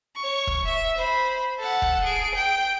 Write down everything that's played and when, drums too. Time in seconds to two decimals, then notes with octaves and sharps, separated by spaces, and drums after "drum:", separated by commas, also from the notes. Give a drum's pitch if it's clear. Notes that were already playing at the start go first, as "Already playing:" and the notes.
0.17 C#5 C#6
0.47 drum: kick
0.65 E5
0.98 C5 B5
1.59 A4 F#5
1.82 drum: kick
2.03 G#4 D7
2.35 G5